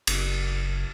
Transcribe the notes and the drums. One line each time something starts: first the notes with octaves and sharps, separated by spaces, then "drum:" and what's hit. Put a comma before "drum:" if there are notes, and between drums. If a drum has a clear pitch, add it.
F#1, drum: cymbal